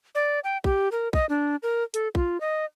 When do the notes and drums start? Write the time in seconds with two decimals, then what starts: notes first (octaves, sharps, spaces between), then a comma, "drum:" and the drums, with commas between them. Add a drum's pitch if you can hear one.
0.15 D5
0.44 G5
0.64 G4, drum: kick
0.92 A#4
1.13 D#5, drum: kick
1.29 D4
1.63 A#4
1.94 A4, drum: hi-hat
2.15 F4, drum: kick
2.41 D#5